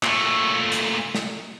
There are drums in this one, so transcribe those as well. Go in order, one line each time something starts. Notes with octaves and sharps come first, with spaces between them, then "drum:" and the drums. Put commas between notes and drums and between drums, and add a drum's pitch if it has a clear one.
A#2 A3, drum: clap
drum: hi-hat
drum: snare